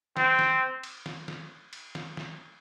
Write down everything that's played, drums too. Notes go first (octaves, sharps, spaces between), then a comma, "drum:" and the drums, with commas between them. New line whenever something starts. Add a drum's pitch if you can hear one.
C4, drum: snare
drum: snare
drum: cymbal
drum: snare
drum: snare
drum: cymbal
drum: snare
drum: snare